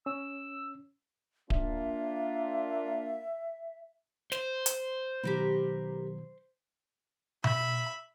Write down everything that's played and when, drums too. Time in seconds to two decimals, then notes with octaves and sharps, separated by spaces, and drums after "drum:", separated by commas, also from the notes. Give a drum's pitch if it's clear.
0.06 C#4 E6
1.50 A#3 D4 F4 E5, drum: kick D1
4.32 C5, drum: snare
4.66 drum: hi-hat
5.24 B2 D#3 F#3 G4 A#4 B4
7.44 E5 B5, drum: tom B2